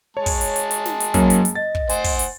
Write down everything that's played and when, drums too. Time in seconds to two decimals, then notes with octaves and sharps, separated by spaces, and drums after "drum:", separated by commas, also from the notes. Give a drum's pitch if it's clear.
0.17 G#3 C#5 A5
0.26 drum: kick, open hi-hat
0.41 drum: hi-hat
0.56 drum: hi-hat
0.71 drum: hi-hat
0.85 drum: snare
1.00 drum: hi-hat
1.14 F#2 F#3 A#3 C#4, drum: kick, hi-hat
1.30 drum: hi-hat
1.45 drum: hi-hat
1.55 D#5 A6
1.75 drum: kick
1.89 C5 F#5 G#5, drum: hi-hat
2.04 drum: kick, open hi-hat
2.19 drum: hi-hat